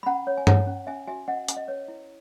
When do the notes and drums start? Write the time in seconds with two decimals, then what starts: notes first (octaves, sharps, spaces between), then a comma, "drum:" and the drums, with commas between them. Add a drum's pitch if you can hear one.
0.03 B5
0.06 C#4 F#5 A#5
0.27 C#5
0.38 G#5
0.47 C#5 F#5 A#5, drum: tom G2
0.67 C#4
0.87 C#4 E5 G#5
1.07 F#4 E5 G#5
1.28 C#4 D#5 F#5
1.48 C#4, drum: hi-hat
1.57 D#5
1.68 B4 C#5
1.88 E4